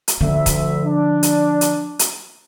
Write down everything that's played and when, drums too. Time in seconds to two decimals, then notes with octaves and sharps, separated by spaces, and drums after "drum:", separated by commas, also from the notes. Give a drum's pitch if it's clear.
0.08 drum: hi-hat
0.21 D2 D3 F3 E5
0.46 drum: kick, hi-hat
0.84 D4
1.23 drum: hi-hat
1.61 drum: hi-hat
1.99 drum: hi-hat